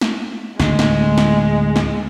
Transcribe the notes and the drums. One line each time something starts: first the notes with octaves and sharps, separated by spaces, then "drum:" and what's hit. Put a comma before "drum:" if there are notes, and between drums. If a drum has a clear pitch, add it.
drum: snare
D2 A2 D3 G#3, drum: snare
drum: snare
drum: snare
drum: snare